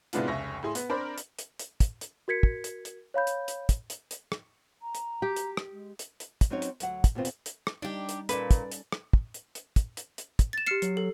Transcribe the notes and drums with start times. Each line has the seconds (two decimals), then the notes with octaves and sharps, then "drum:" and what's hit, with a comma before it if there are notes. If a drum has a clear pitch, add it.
0.13 A2 C3 G#3 B3 D4 F4, drum: hi-hat
0.28 F1 C#2 E5 C#6 A#6
0.63 A2 G#4 C6
0.75 B3, drum: hi-hat
0.89 C4 D4 A#4 C5 D5 B5
1.18 drum: hi-hat
1.39 drum: hi-hat
1.59 drum: hi-hat
1.80 drum: kick, hi-hat
2.01 drum: hi-hat
2.28 F#4 A#4 G#6 B6 C#7
2.43 drum: kick
2.64 drum: hi-hat
2.85 drum: hi-hat
3.14 C#5 F5 B5 G6
3.27 drum: hi-hat
3.48 drum: hi-hat
3.69 drum: kick, hi-hat
3.90 drum: hi-hat
4.11 drum: hi-hat
4.32 drum: rim click
4.82 A#5
4.95 drum: hi-hat
5.22 G4
5.36 drum: hi-hat
5.57 drum: rim click
5.71 G#3
5.99 drum: hi-hat
6.20 drum: hi-hat
6.41 drum: kick, hi-hat
6.50 F#3 C4 C#4 D#4 F#4 C#5
6.62 drum: hi-hat
6.80 D2 F#3 F#5, drum: hi-hat
7.04 drum: kick, hi-hat
7.15 D#2 B2 B3 C4 F4
7.25 drum: hi-hat
7.46 drum: hi-hat
7.67 drum: rim click
7.82 G3 D4 D#4 G4
8.09 drum: hi-hat
8.29 A#2 C#4 A4 B4 D5, drum: hi-hat
8.51 drum: kick, hi-hat
8.72 drum: hi-hat
8.92 drum: rim click
9.13 drum: kick
9.34 drum: hi-hat
9.55 drum: hi-hat
9.76 drum: kick, hi-hat
9.97 drum: hi-hat
10.18 drum: hi-hat
10.39 drum: kick, hi-hat
10.53 A6 E7
10.67 G4 F6 C7 C#7 E7
10.82 F#3, drum: hi-hat
10.97 A4